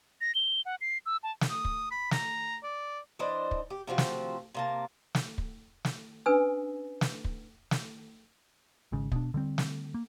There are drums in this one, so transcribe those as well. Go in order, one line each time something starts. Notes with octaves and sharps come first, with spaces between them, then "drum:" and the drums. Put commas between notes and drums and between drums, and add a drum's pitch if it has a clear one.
A#6
G7
F#5
C7
E6
A5
drum: snare
D#6
drum: kick
B5
A#5, drum: snare
D5
E3 D4 C5 D#5
drum: kick
G4
C3 F3 C4 F#4
drum: snare
C3 A#3 A5
drum: snare
drum: kick
drum: snare
C#4 D4 B4 G#5 D#6 E6
drum: snare
drum: kick
drum: snare
G#1 G#2 C#3
B2 D4, drum: kick
D3 G3 C4
drum: snare
A#3